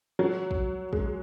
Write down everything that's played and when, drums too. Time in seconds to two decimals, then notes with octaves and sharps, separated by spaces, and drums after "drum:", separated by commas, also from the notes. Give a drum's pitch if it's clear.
0.19 F#3
0.51 drum: kick
0.93 G#3, drum: kick